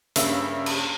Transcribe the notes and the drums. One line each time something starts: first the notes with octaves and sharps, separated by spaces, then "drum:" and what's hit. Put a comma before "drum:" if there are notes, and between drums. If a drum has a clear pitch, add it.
G2 C#3 A#3 E5, drum: hi-hat
drum: cymbal